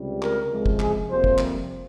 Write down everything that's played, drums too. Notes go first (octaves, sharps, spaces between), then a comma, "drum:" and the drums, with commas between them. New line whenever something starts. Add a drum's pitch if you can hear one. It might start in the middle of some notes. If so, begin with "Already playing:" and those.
Already playing: C#2 C3 G3
A#4, drum: clap
C#2 C3 F3 G#3
drum: kick
G#4, drum: clap
F2 C3 G3 A#3 C5
drum: kick
drum: clap